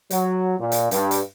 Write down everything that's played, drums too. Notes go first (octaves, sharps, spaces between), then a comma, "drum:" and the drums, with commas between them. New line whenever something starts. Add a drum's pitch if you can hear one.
F#3, drum: hi-hat
A#2
drum: hi-hat
G2, drum: hi-hat
drum: hi-hat